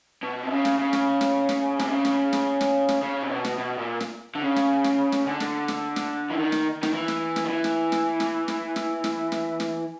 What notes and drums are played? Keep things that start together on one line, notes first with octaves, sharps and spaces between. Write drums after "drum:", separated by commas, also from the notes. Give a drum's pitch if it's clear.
B2
C3
C#3
drum: snare
C#3
drum: snare
drum: snare
drum: snare
C3, drum: snare
C#3
drum: snare
drum: snare
drum: snare
drum: snare
C#3
C3
B2
drum: snare
B2
A#2
drum: snare
D3
C#3
drum: snare
drum: snare
drum: snare
D3
drum: snare
drum: snare
drum: snare
E3
D#3
drum: snare
D#3, drum: snare
E3
drum: snare
drum: snare
D#3
E3
drum: snare
drum: snare
drum: snare
drum: snare
drum: snare
drum: snare
drum: snare
drum: snare